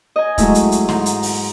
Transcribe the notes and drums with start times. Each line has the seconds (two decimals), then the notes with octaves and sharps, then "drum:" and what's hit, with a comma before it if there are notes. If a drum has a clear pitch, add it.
0.16 D#5 G#5
0.38 F#3 G#3 A3 E4, drum: kick, hi-hat
0.55 drum: hi-hat
0.72 drum: hi-hat
0.89 G#2 C6, drum: snare
1.06 drum: hi-hat
1.23 drum: open hi-hat